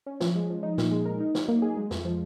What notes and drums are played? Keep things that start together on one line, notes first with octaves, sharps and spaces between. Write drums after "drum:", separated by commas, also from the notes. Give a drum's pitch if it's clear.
C#4
F3, drum: snare
G#3
F3
D#4
A#2, drum: snare
G#3
A#4
D#4
F#3, drum: snare
A#3
G#4
G#3
F2, drum: snare
F3